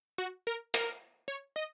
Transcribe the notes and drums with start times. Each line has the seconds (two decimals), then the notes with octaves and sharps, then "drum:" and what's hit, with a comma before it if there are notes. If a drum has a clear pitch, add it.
0.18 F#4
0.47 A#4
0.74 A#4, drum: hi-hat
1.28 C#5
1.56 D#5